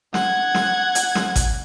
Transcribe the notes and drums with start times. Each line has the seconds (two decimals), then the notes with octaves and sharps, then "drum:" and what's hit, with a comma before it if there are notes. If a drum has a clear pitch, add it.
0.14 F#5 G#6, drum: snare
0.55 drum: snare
0.95 drum: hi-hat
1.15 drum: snare
1.36 drum: kick G#1, hi-hat